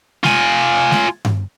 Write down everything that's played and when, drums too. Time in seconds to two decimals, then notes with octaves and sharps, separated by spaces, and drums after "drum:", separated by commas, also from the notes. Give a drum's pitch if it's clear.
0.24 F4 G#5, drum: snare G#3
0.91 drum: snare G#3
1.25 drum: tom G2